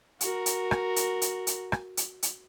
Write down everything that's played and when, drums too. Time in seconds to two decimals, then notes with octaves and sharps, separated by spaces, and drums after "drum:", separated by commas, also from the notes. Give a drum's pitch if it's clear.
0.21 F#4 A#4, drum: hi-hat
0.46 drum: hi-hat
0.71 drum: rim click
0.96 drum: hi-hat
1.22 drum: hi-hat
1.47 drum: hi-hat
1.72 drum: rim click
1.97 drum: hi-hat
2.23 drum: hi-hat